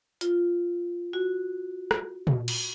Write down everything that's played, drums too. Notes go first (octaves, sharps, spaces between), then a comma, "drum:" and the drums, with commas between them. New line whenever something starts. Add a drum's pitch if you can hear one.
F4, drum: hi-hat
F#4
drum: rim click
drum: tom A#2
drum: cymbal